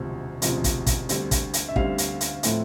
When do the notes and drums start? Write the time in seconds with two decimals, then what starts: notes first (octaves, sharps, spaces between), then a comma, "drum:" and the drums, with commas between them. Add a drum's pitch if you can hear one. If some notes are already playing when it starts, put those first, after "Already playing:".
Already playing: E1 D2 C3 F3 C4
0.42 E1 D2 C3 F3 C4, drum: hi-hat
0.64 drum: kick, hi-hat
0.86 drum: kick, hi-hat
1.09 D2 D3 G3 C4, drum: hi-hat
1.31 drum: kick, hi-hat
1.53 drum: hi-hat
1.68 E5
1.76 D2 D3 G3 C4 F5, drum: kick
1.98 drum: hi-hat
2.21 drum: hi-hat
2.43 A2 F3 A3 C4 E4, drum: hi-hat